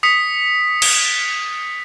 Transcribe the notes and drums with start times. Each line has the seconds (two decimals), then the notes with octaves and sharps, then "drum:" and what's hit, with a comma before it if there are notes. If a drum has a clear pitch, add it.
0.03 D#6 B6 C#7
0.82 drum: cymbal